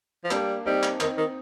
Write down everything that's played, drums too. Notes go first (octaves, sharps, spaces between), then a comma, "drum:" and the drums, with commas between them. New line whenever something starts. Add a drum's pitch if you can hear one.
F3
G3 A#3 D4, drum: clap
G3 C4 D#4
drum: clap
D#3 C4 D#4, drum: clap
D#3